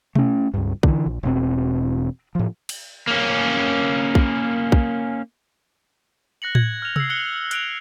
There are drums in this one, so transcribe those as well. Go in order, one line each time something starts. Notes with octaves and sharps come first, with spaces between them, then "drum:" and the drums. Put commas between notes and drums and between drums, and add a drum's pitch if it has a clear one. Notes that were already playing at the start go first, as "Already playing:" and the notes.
A3 C#4, drum: tom B2
C#2 G2
D3 E3, drum: kick
A#1
E1 B2 C4
A2 F3
drum: cymbal
A#3 C#4
drum: kick
drum: kick
F#6 A#6 C#7 F#7
G#6, drum: tom A2
F6 F7
E6 C7, drum: tom C3
F#6 G#6 C#7 G7
F#6 D7 F7, drum: hi-hat